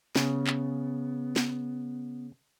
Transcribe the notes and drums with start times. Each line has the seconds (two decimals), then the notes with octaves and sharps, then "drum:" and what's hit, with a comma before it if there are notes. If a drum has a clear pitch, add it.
0.16 C#3 B3, drum: snare
0.47 drum: clap
1.36 drum: snare